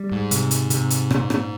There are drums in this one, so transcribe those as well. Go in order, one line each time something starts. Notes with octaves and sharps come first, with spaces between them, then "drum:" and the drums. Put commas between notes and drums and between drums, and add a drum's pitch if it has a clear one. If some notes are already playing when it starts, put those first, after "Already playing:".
Already playing: G3
G#2
C3, drum: hi-hat
drum: hi-hat
C3, drum: hi-hat
drum: hi-hat
A#2, drum: rim click
drum: rim click